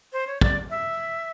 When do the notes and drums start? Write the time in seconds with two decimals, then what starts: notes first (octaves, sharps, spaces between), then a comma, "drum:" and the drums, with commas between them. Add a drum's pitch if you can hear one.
0.13 C5
0.27 C#5
0.41 D5, drum: kick
0.70 E5